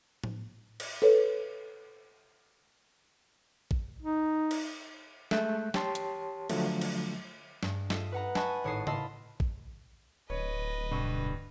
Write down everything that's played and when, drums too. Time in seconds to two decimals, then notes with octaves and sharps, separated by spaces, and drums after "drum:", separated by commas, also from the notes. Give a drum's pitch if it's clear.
0.24 drum: tom A2
0.80 drum: cymbal
1.02 A4 B4 C#5
3.71 drum: kick A1
4.02 D#4
4.51 drum: cymbal
5.31 G#3 A3 E5 F#6 G6, drum: snare
5.74 G4 C#5 A5 C6, drum: snare
5.95 drum: hi-hat
6.50 D3 F3 F#3 A3, drum: cymbal
6.81 drum: cymbal
7.63 G2 G#3, drum: snare
7.90 F4 A4 D#5 E5 D#6, drum: snare
8.12 B4 F#5 A#5
8.35 D#5 G#5 A5 B5 C#6 F#6, drum: snare
8.64 G#1 A2 C#5 A5 D#6 C7
8.87 D#5 F5 A5 B5 C6 E6, drum: tom C#3
9.40 drum: kick A1
10.30 D1 B4 C#5 D#5
10.91 G2 B2 D3 C#6